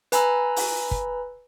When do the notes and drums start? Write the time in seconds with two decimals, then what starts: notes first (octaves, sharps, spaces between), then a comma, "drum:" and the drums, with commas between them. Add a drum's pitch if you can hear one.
0.12 B4 G#5 A#5 B5 E6, drum: hi-hat
0.56 drum: open hi-hat
0.91 drum: kick